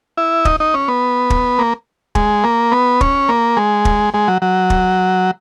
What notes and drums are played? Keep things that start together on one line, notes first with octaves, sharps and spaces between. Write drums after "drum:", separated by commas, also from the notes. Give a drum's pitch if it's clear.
E4
D#4, drum: kick
D#4
C#4
B3
drum: kick
A#3
G#3, drum: kick
A#3
B3
C#4, drum: kick
A#3
G#3
drum: kick
G#3
F#3
F#3
drum: kick